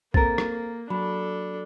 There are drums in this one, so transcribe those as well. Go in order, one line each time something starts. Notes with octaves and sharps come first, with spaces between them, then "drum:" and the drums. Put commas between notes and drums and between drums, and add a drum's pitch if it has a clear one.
A#3 C4 A4 A#4 A#5 A6, drum: kick A#1
drum: rim click
F#3 D4 A4 B5